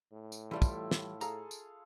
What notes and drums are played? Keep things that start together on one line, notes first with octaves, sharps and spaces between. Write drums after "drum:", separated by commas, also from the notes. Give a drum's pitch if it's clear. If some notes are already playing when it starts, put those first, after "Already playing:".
A2
drum: tambourine
E3 G3 A3 E4 F4 A4
drum: kick, tambourine
drum: snare
G#4 A4 F5 A#5, drum: tambourine
drum: tambourine